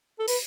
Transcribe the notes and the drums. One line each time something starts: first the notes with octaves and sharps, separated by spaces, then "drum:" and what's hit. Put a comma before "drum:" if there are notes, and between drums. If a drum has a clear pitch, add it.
A4
B4, drum: open hi-hat